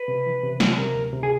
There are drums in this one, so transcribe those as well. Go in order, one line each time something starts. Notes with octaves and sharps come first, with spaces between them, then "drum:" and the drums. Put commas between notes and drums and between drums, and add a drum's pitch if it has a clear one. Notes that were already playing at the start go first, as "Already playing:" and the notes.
Already playing: B4
C3
E3
C3
C3, drum: snare
C3 A#4
D2
C3
G#4